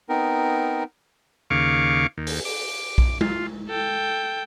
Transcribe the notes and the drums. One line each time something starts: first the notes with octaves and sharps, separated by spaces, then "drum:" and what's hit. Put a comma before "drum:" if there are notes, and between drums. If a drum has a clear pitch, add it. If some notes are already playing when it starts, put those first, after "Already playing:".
B3 C4 D#4 A#4
D#2 C#3 F5 C#6 D6
D#2
drum: open hi-hat
D6, drum: open hi-hat
drum: kick B1
F4, drum: tom G#3
A4 G5